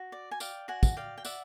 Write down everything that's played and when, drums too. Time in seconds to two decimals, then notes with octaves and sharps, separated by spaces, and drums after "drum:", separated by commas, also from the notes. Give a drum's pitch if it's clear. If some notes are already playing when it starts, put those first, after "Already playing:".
Already playing: F#4
0.12 D5
0.31 G#5
0.40 D5 F5 G5, drum: tambourine
0.68 F#4 F#5 G#5
0.83 drum: kick, tambourine
0.97 D5 F5 G5
1.18 G5
1.25 D5 E5 F#5, drum: tambourine